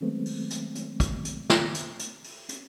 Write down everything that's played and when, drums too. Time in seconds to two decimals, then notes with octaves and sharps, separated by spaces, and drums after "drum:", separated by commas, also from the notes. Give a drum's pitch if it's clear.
0.01 D#3 F#3 G#3 A3 B3 C4
0.26 drum: open hi-hat
0.50 drum: hi-hat
0.75 drum: hi-hat
1.00 drum: kick, hi-hat
1.25 drum: hi-hat
1.50 drum: snare
1.74 drum: hi-hat
1.99 drum: hi-hat
2.24 drum: open hi-hat
2.49 drum: hi-hat